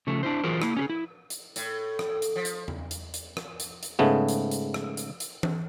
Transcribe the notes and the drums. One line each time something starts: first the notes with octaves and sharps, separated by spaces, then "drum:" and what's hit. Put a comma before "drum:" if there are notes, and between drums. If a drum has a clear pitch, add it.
C#3 F3 A3
D4 E4 C5
E3 F#3 F4 G#4 A#4 C5
A#3 E4, drum: rim click
C#4 G4 G#4
E4
drum: hi-hat
A2, drum: hi-hat
drum: rim click
drum: hi-hat
F3
drum: hi-hat
drum: tom E2
drum: hi-hat
drum: hi-hat
drum: rim click
drum: hi-hat
drum: hi-hat
G#2 C#3 A3 B3
drum: hi-hat
drum: hi-hat
drum: rim click
drum: hi-hat
drum: hi-hat
drum: tom E3